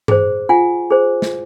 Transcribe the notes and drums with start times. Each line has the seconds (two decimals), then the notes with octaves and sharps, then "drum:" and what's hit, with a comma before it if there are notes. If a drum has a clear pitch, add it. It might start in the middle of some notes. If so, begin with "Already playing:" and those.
0.08 G#4 C5, drum: tom G2
0.49 F4 F#5 G#5
0.90 G#4 C5
1.22 drum: snare